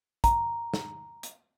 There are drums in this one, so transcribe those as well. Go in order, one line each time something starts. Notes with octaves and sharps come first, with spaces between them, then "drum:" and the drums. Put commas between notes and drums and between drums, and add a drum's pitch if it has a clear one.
A#5, drum: kick, hi-hat
drum: snare
drum: hi-hat